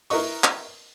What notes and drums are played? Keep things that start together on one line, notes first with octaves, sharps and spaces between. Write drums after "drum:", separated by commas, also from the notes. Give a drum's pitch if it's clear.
E4 A#4 B4 D#5 C#6, drum: open hi-hat
drum: clap